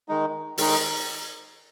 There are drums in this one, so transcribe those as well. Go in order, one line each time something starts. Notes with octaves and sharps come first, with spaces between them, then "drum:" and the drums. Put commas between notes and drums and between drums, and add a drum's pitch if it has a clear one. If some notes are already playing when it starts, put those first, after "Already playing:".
D#3 G#3 D#4
D#3 G#3 D#4, drum: open hi-hat